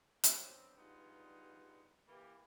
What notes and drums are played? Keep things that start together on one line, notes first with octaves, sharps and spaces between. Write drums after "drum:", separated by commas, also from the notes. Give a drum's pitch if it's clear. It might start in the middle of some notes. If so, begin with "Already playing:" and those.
D3 F#3 B3 C4, drum: hi-hat
G2 G3 B3 D#4 F4 G#4
E3 A#3 G4